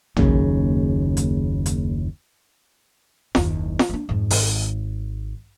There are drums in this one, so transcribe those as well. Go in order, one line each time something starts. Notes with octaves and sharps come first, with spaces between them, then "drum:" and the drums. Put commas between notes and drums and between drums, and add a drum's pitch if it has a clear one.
F#1 D#2 C#3, drum: tom
drum: hi-hat
drum: hi-hat
F#1 D#2, drum: snare
drum: snare
A#3 D4
F2 G#2
G#1, drum: open hi-hat